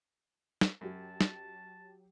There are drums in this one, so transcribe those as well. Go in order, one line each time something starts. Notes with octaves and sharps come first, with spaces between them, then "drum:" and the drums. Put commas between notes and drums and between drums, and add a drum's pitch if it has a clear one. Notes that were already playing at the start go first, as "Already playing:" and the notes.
drum: snare
F#2 F#3 G4 A5
drum: snare